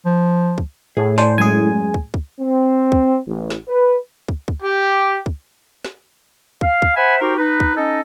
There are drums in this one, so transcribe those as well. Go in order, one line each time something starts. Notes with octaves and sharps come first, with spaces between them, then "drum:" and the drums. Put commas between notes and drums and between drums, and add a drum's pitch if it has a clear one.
F3
drum: kick
A2 G#4
C5 D5 G#5 A5, drum: snare
F#2 G#3 G#4 G#5
drum: kick
drum: kick
C4
drum: kick
A1
drum: snare
B4
drum: kick
drum: kick
G4
drum: kick
drum: snare
F5, drum: kick
drum: kick
C5 E5 F#5 G#5 B5
D#4 F#4 G4 A#4 C5
D#4 B4
drum: kick
C#4 D#4 A4 D#5